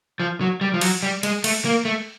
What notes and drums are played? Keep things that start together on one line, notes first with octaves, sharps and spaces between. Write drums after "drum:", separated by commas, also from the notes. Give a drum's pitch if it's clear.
F3
F#3
G3
F3
F#3, drum: cymbal
G3
G#3, drum: cymbal
A3, drum: cymbal
A#3
A3